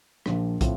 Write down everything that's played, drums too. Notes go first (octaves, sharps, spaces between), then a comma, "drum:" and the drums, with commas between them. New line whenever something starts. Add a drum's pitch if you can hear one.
A#1 A#2 F3, drum: rim click
A2 F3 C4 F4, drum: kick, hi-hat